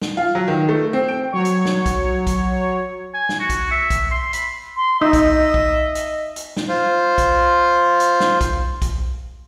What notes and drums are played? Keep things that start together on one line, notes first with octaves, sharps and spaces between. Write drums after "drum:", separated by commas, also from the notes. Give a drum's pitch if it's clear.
drum: snare
F4
F#3
D#3
A3
C4
G5
F#3 C#5
drum: hi-hat
drum: snare
drum: kick B1, hi-hat
drum: kick B1, hi-hat
G#5
drum: snare
F#4
drum: kick B1, hi-hat
E5
drum: kick B1, hi-hat
C6
B5, drum: hi-hat
C6
D#4 D#5 E5
drum: kick B1, hi-hat
drum: kick B1
drum: hi-hat
drum: hi-hat
drum: snare
F4 C5
drum: kick B1, hi-hat
drum: hi-hat
drum: snare
drum: kick B1, hi-hat
drum: kick B1, hi-hat